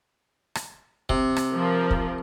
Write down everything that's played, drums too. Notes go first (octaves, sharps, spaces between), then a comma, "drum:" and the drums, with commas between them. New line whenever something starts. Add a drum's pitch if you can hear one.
drum: rim click
C3, drum: kick
drum: rim click
F3 A#4
drum: kick